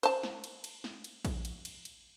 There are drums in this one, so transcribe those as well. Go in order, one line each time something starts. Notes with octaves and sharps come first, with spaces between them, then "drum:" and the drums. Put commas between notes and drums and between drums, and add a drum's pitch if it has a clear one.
C5 A5, drum: cymbal
drum: snare
drum: cymbal
drum: cymbal
drum: snare
drum: cymbal
drum: kick A#1, cymbal
drum: cymbal
drum: cymbal
drum: cymbal